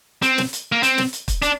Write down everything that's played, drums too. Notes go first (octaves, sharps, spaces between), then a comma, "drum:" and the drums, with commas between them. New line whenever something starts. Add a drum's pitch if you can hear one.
C4, drum: hi-hat
drum: snare
drum: hi-hat
A#3
C4, drum: hi-hat
drum: snare
drum: hi-hat
drum: kick, hi-hat
D4, drum: hi-hat